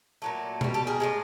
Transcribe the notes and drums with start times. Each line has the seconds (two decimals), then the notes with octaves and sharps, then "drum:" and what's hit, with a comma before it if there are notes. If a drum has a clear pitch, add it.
0.22 A#2 F#3 A3
0.61 B2 G3, drum: tom B2
0.74 G4 A4
0.87 G#4 A#4
1.00 A2 F3 G#3